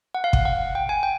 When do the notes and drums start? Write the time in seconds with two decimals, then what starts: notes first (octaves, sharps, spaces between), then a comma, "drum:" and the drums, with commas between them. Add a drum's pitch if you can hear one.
0.15 F#5
0.24 F5
0.33 F#5, drum: kick
0.45 F#5
0.75 G5
0.89 G#5
1.03 G5